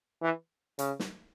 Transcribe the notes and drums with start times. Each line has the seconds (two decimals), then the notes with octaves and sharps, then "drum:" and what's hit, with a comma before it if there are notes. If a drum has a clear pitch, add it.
0.22 E3
0.79 C#3, drum: hi-hat
0.99 drum: snare